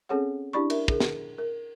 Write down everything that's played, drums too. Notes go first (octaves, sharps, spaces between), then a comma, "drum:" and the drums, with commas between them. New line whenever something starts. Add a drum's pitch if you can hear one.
C4 C#4 G#4 A4 C#5 F#5
D4 E4 G4 D5 B5 C#6
A#4 E5, drum: cymbal
G#4 A#4, drum: kick
drum: snare
A#4